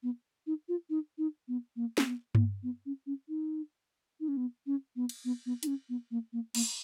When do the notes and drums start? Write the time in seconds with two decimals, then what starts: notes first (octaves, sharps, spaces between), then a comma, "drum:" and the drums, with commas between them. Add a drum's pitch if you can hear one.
0.03 B3
0.47 D#4
0.68 F4
0.90 D#4
1.18 D#4
1.48 B3
1.76 A#3
1.98 A#3, drum: snare
2.05 B3
2.35 A#3, drum: tom G2
2.63 B3
2.86 C#4
3.06 C#4
3.29 D#4
4.20 D#4
4.28 C#4
4.37 B3
4.66 C#4
4.96 B3
5.09 drum: cymbal
5.25 B3
5.46 B3
5.63 D#4, drum: hi-hat
5.67 C#4
5.89 B3
6.11 A#3
6.33 A#3
6.55 A#3, drum: cymbal